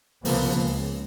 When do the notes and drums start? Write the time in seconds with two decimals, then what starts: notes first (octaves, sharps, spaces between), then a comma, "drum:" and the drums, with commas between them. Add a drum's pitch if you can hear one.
0.25 C2 C#3 F3 A#3 B3, drum: open hi-hat
0.57 C#2